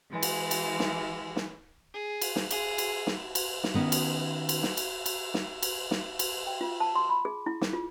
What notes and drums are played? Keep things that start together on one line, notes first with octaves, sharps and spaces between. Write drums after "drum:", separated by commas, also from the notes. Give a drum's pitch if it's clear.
E3 G#3
drum: cymbal
drum: cymbal
drum: snare
drum: snare
G#4
drum: cymbal
drum: snare
G#4, drum: cymbal
drum: cymbal
drum: snare
drum: cymbal
drum: snare
D#3 B3 C#4
drum: cymbal
drum: cymbal
drum: snare
drum: cymbal
drum: cymbal
drum: snare
drum: cymbal
drum: snare
drum: cymbal
G5
F4
A5
C6
B5
G#4
E4
G#4, drum: snare
F4